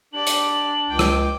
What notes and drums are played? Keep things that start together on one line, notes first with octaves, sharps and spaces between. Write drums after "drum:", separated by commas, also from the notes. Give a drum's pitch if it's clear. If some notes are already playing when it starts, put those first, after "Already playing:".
D4 G4 D5 F#7
drum: hi-hat
C#2 G5 D6
drum: rim click